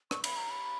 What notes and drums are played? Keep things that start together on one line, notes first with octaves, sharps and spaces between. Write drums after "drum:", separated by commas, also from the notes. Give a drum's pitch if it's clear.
C#6, drum: rim click
B5, drum: cymbal
A#5
B5